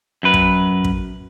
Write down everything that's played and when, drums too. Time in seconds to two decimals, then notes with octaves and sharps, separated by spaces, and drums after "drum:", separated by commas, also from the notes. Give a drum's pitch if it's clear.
0.23 F#2 B4
0.34 drum: kick
0.84 drum: kick